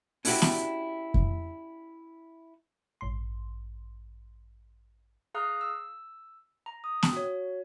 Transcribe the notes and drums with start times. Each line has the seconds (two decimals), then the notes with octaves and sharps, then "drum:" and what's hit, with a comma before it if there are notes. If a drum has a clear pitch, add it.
0.25 C#4 D4 E4 F#4 G4, drum: open hi-hat
0.42 drum: snare B3
1.14 drum: kick F2
3.01 A1 G2 C6
5.34 G#4 F5 A#5 D#6 F6 F#6
5.61 E6
6.66 A#5
6.84 D#6
7.03 drum: snare B3
7.13 F#4 C#5